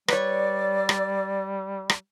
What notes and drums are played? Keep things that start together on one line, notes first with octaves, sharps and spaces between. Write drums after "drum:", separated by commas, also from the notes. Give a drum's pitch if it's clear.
G3 B4 C#5 D5, drum: rim click
drum: rim click
drum: rim click